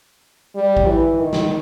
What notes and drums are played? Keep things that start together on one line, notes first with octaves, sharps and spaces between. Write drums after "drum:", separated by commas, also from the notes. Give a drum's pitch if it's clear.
G3
drum: kick A1
E3
D#3
drum: snare